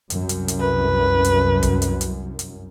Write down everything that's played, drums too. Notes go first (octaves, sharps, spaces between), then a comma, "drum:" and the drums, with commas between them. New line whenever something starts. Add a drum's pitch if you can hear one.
C2 F#2, drum: hi-hat
drum: hi-hat
drum: hi-hat
B4
drum: hi-hat
drum: kick, hi-hat
drum: hi-hat
drum: hi-hat
drum: hi-hat